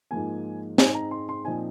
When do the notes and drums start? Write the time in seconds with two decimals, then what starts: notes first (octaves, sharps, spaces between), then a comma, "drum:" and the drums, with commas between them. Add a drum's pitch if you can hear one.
0.11 G#2 F3 A#3 G#5
0.78 G#2 G#3 C4 D#4 G#5, drum: snare
0.95 A#5
1.11 C6
1.29 C6
1.45 A#2 F3 C4 D#4 G#5